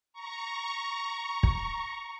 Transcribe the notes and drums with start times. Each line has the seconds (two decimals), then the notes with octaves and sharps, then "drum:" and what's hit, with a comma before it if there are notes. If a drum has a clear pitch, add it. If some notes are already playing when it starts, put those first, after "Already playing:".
0.13 A#5 C#6
1.43 drum: kick